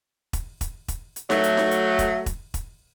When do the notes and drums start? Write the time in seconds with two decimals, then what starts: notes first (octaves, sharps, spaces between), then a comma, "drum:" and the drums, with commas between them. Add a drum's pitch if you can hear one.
0.33 drum: kick E1, hi-hat
0.61 drum: kick E1, hi-hat
0.88 drum: kick E1, hi-hat
1.16 drum: hi-hat
1.30 F#3 A3, drum: snare D#4
1.44 drum: hi-hat
1.57 drum: snare D#4
1.71 drum: hi-hat
1.99 drum: kick E1, hi-hat
2.26 drum: kick E1, hi-hat
2.54 drum: kick E1, hi-hat